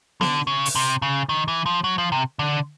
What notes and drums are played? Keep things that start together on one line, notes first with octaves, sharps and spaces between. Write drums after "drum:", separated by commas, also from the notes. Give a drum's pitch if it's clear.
D3, drum: snare B3
C#3
drum: open hi-hat
C3
C#3
D#3
E3
F3
F#3
F3
C3
D3